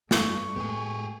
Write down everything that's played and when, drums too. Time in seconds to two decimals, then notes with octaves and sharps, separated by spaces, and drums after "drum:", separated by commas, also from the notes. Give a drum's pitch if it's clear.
0.11 G2 A3 C#6, drum: snare
0.56 A2 G#3 B3 G4 G#4